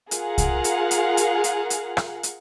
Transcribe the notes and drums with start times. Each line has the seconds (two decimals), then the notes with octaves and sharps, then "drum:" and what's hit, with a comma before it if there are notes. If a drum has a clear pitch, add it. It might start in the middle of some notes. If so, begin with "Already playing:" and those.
0.11 F4 G#4 A#4 F5 F#5, drum: hi-hat
0.38 drum: kick C2, hi-hat
0.64 drum: hi-hat
0.91 drum: hi-hat
1.17 drum: hi-hat
1.44 drum: hi-hat
1.70 drum: hi-hat
1.97 drum: rim click
2.23 drum: hi-hat